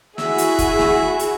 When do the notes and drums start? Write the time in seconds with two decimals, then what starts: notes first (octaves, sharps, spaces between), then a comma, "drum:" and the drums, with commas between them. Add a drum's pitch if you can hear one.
0.18 E4 F#4 G#4 E5, drum: snare
0.38 drum: hi-hat
0.58 drum: kick, hi-hat
0.79 drum: snare
1.19 drum: hi-hat